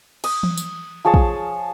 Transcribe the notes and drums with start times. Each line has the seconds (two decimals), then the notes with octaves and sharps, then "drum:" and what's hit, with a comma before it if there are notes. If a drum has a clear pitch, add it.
0.24 D#6, drum: cymbal
0.43 drum: tom E3
0.57 drum: tambourine
1.05 F3 G#4 C#5 A5
1.14 drum: kick